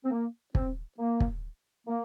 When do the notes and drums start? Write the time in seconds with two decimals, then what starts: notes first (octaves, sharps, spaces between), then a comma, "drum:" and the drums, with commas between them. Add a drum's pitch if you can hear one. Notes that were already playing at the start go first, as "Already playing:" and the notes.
0.05 C4
0.11 A#3
0.55 C4, drum: kick
0.98 A#3
1.20 drum: kick
1.87 A#3